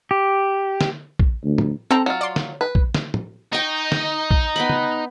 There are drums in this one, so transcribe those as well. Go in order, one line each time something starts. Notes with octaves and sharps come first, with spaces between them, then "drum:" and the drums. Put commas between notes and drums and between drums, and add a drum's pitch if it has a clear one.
G4
drum: snare
drum: kick
D2
drum: tom
C4 A4 A#5
F#3 F4
D5 C6
drum: snare
B4
drum: kick
drum: snare
drum: tom
D#4 G5 C#6
drum: snare
drum: kick
B3 G5 B5
drum: tom